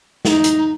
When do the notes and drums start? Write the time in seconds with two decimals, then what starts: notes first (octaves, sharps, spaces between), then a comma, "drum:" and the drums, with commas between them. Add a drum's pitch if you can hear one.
0.25 D#4, drum: snare
0.44 drum: hi-hat